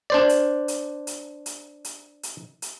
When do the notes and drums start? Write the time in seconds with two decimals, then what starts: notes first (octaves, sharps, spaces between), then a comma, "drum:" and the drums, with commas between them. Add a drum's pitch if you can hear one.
0.10 D4 C5 D5
0.29 drum: hi-hat
0.68 drum: hi-hat
1.07 drum: hi-hat
1.46 drum: hi-hat
1.85 drum: hi-hat
2.23 drum: hi-hat
2.62 drum: hi-hat